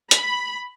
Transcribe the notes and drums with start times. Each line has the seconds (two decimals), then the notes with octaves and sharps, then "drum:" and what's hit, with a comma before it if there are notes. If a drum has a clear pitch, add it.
0.11 B5, drum: hi-hat